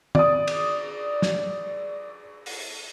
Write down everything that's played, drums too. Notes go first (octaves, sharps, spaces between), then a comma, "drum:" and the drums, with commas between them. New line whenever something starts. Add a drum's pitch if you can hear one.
D5 D#6, drum: tom
drum: cymbal
drum: snare
drum: open hi-hat